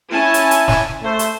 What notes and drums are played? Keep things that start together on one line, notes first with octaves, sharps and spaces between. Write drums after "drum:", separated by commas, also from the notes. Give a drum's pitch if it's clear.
C#4 E4 G#5 A5
drum: hi-hat
drum: hi-hat
drum: snare
A3 C5
drum: hi-hat